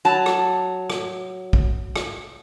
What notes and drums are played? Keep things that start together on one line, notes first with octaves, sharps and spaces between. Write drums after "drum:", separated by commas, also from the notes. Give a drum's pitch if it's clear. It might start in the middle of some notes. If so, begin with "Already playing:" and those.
F#3 A5
drum: rim click
drum: rim click
drum: kick
drum: rim click